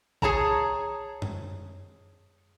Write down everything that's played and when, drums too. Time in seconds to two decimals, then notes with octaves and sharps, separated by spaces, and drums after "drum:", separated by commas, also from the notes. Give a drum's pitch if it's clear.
0.22 G#4 C#5 A5 A#5, drum: kick
1.22 drum: tom F#2